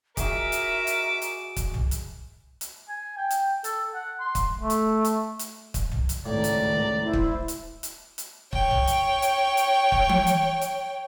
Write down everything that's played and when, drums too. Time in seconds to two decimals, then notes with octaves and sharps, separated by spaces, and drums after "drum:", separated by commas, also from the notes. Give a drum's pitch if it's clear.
0.17 D#4 F#4 G#4 A#4 E5 D6 E6, drum: kick, hi-hat
0.52 drum: hi-hat
0.87 drum: hi-hat
1.22 drum: hi-hat
1.56 drum: kick, hi-hat
1.74 drum: tom
1.91 drum: hi-hat
2.61 drum: hi-hat
2.89 G#5
3.17 G5
3.31 drum: hi-hat
3.64 A4, drum: hi-hat
3.94 F#5
4.20 C6
4.35 drum: kick, hi-hat
4.59 A3
4.70 drum: hi-hat
5.05 drum: hi-hat
5.39 drum: hi-hat
5.74 drum: kick, hi-hat
5.92 drum: tom
6.09 drum: hi-hat
6.26 G#1 C#2 A2 D5 A#5
6.44 drum: hi-hat
7.04 E4 C5
7.13 drum: kick
7.48 drum: hi-hat
7.83 drum: hi-hat
8.18 drum: hi-hat
8.53 C#5 G5, drum: kick
8.70 drum: tom
8.87 drum: hi-hat
9.22 drum: hi-hat
9.57 drum: hi-hat
9.92 drum: kick
10.09 drum: tom E3
10.27 drum: hi-hat
10.61 drum: hi-hat